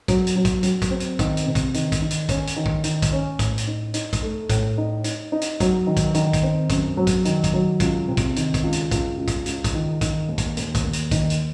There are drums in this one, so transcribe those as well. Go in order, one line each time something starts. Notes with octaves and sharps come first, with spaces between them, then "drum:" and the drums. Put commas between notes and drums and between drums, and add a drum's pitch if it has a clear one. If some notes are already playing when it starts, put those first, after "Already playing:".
F#3, drum: kick, hi-hat
drum: hi-hat
F#3
drum: kick, hi-hat
F#3, drum: hi-hat
drum: kick, hi-hat
C4
drum: hi-hat
D#3, drum: kick, hi-hat
drum: hi-hat
C3
drum: kick, hi-hat
D#3, drum: hi-hat
drum: kick, hi-hat
D#3
drum: hi-hat
C#4, drum: kick, hi-hat
drum: hi-hat
D#3
drum: kick
D#3, drum: hi-hat
drum: kick, hi-hat
C#4
A2, drum: kick, hi-hat
drum: hi-hat
D#4
D#4, drum: hi-hat
drum: kick, hi-hat
A3
A2, drum: kick, hi-hat
D#4
D#4, drum: hi-hat
D#4
drum: hi-hat
F#3, drum: kick, hi-hat
D#3
drum: kick, hi-hat
D#3, drum: hi-hat
drum: kick, hi-hat
C4
F#2, drum: kick, hi-hat
F#3
drum: kick, hi-hat
D#3, drum: hi-hat
drum: kick, hi-hat
F#3
C#2, drum: kick, hi-hat
C3
drum: kick, hi-hat
D#3, drum: hi-hat
drum: kick, hi-hat
C#2
drum: hi-hat
C#2, drum: kick, hi-hat
C#2
drum: kick, hi-hat
C#2, drum: hi-hat
drum: kick, hi-hat
D#3
D#3, drum: kick, hi-hat
D#2
drum: kick, hi-hat
D#2, drum: hi-hat
drum: kick, hi-hat
D#2
drum: hi-hat
D#3, drum: kick, hi-hat
drum: hi-hat